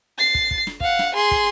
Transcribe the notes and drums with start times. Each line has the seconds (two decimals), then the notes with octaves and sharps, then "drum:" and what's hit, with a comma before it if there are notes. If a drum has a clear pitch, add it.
0.18 A6 C7
0.35 drum: kick
0.51 drum: kick
0.67 drum: snare
0.80 F5 F#5, drum: kick
0.99 drum: snare
1.15 G#4 C6
1.31 drum: kick